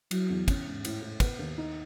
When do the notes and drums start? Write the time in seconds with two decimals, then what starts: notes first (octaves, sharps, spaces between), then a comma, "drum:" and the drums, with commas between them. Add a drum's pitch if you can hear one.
0.11 F#3 E4, drum: cymbal
0.30 E2
0.48 C#4, drum: kick, cymbal
0.66 G#2
0.85 A2, drum: cymbal
1.02 A2
1.20 B3, drum: kick, cymbal
1.39 D#2
1.58 D#4